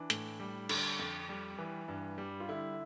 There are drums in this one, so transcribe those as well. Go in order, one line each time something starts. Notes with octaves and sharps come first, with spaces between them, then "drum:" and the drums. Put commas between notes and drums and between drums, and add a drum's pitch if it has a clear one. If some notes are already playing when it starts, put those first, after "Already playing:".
Already playing: E3 D4
A2, drum: hi-hat
G3
D3, drum: cymbal
F2
G3
E3
G2
G3
F4
D3 E4